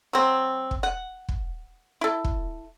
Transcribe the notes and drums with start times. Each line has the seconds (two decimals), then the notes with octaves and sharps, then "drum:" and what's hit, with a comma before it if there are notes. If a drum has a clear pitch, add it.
0.13 F#3 C4
0.71 drum: kick
0.83 F#5
1.29 drum: kick
2.01 E4 A4
2.24 drum: kick